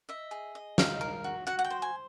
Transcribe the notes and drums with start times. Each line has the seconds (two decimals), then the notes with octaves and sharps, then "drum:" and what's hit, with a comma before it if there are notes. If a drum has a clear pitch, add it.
0.09 D#5 E5
0.31 G#4
0.55 D#5
0.78 D#4 F5, drum: snare
1.01 A#4
1.24 F#4
1.47 F#4 F#5
1.59 F#5
1.64 G5
1.70 C5
1.82 G#5